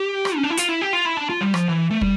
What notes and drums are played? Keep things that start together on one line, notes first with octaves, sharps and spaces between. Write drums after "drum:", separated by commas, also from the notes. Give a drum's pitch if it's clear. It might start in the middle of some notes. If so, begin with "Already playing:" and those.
Already playing: G4
drum: rim click
C#4
D4
E4
F4, drum: hi-hat
E4
G4
F4
E4
D4
F4
G3
F3, drum: rim click
E3
A3
G3, drum: kick